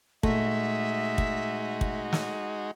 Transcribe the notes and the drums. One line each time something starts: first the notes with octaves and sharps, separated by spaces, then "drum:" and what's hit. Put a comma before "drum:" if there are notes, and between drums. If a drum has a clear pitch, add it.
A#2 G#3 A3 D#4 F#4 E5, drum: kick
drum: kick
drum: kick
drum: snare